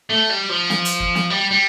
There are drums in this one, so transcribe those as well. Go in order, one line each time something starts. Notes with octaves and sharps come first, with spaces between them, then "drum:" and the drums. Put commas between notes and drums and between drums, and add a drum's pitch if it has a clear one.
A3
G3
F3
drum: snare
drum: hi-hat
drum: kick
drum: snare
G3
G3